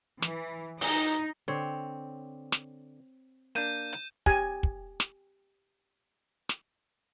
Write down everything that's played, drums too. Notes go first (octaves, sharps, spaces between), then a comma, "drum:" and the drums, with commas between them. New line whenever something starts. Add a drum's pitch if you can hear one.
E3, drum: snare
D#4, drum: open hi-hat
D3 C4 C#5
drum: snare
A#3 D4 G6 D#7 E7, drum: hi-hat
drum: hi-hat
G4 G#5, drum: kick
drum: kick
drum: snare
drum: snare